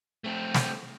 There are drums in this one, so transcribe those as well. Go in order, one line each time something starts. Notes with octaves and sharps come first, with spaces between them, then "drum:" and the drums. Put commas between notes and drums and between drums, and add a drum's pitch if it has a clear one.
A3 C4
drum: snare